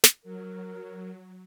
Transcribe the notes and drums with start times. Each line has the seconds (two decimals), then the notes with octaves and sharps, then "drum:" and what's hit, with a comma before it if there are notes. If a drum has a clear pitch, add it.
0.04 drum: snare
0.24 F#3 A#4